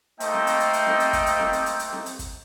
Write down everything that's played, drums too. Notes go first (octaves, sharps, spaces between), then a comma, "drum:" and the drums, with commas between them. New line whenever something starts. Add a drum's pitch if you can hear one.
A3 A#3 D#4 C5 D#5 G5, drum: hi-hat
drum: snare C4
drum: hi-hat
drum: hi-hat
drum: hi-hat
drum: snare C4
drum: hi-hat
drum: kick, hi-hat
drum: hi-hat
drum: snare C4
drum: hi-hat
drum: hi-hat
drum: hi-hat
drum: snare C4
drum: hi-hat
drum: kick, hi-hat